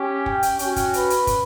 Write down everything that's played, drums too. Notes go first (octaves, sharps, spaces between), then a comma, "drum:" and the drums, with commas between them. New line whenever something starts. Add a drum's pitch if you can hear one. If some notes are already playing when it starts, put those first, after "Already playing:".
Already playing: C#4 G4
G5, drum: kick
drum: hi-hat
C#4 F#4, drum: hi-hat
drum: kick, hi-hat
B4, drum: hi-hat
drum: hi-hat
drum: kick, hi-hat